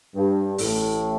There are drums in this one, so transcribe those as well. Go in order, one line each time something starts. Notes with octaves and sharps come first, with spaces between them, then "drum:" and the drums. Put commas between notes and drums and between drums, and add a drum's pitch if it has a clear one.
G2
A1 A2, drum: open hi-hat